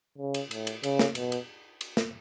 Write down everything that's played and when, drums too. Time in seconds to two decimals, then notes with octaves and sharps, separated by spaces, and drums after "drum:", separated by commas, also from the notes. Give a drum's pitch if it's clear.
0.18 C#3
0.34 drum: cymbal
0.51 A2, drum: cymbal
0.67 drum: cymbal
0.83 C#3, drum: cymbal
0.99 drum: snare
1.15 B2, drum: cymbal
1.32 drum: cymbal
1.81 drum: cymbal
1.97 drum: snare